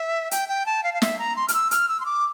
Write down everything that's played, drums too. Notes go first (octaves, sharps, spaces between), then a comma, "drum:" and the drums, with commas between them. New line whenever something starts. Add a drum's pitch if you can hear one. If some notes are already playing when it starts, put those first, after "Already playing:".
Already playing: E5
G5, drum: hi-hat
G5
A5
F5
F5
E5, drum: snare
A#5
C6
F6, drum: hi-hat
E6
F6, drum: hi-hat
E6
C6
D6